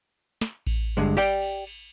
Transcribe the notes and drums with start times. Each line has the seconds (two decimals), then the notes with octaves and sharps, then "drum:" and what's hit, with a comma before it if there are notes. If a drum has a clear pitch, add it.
0.41 drum: snare
0.67 drum: kick A1, cymbal
0.97 G2 D3 G#3
1.17 G4 D5 G5, drum: cymbal
1.42 drum: cymbal
1.67 drum: cymbal